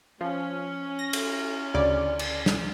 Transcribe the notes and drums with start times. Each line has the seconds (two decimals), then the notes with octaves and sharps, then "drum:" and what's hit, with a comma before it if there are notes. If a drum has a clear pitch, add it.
0.21 F3 C#4
0.99 A#6
1.13 drum: cymbal
1.74 D2 C#3 D5
2.19 drum: cymbal
2.46 drum: snare